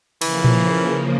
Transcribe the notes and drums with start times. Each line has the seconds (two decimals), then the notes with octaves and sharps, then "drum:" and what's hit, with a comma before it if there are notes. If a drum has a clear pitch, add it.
0.21 C#3 E3 F3 A#3, drum: cymbal
0.44 drum: tom A#2